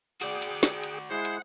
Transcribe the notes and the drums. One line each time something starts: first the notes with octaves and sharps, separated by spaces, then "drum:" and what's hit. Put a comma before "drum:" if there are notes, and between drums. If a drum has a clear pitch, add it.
F#4 G#4 D5 F#5 G5, drum: hi-hat
drum: hi-hat
drum: snare
drum: hi-hat
G#3 E4 G#4 C5 F#5
drum: hi-hat